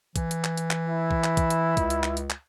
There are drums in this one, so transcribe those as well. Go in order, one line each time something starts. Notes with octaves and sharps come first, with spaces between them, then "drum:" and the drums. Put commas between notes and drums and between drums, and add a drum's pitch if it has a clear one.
E3, drum: kick, hi-hat
drum: hi-hat
drum: clap
drum: hi-hat
drum: clap
E4
drum: kick
drum: clap
drum: kick, hi-hat
drum: hi-hat
C#2, drum: kick, hi-hat
drum: hi-hat
drum: clap
drum: hi-hat
drum: clap